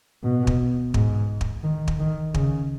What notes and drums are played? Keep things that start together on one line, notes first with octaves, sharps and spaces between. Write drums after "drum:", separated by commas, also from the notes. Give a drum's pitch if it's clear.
B2
drum: kick
G#2, drum: kick
drum: kick
D#3
drum: kick
D#3
C#3, drum: kick